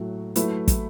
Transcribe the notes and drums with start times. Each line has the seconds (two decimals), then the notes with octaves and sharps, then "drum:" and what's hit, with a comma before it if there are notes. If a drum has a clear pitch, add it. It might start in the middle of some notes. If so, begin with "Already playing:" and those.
Already playing: A2 F#3 A3
0.36 F#3 A3 E4 B4, drum: hi-hat
0.68 drum: kick, hi-hat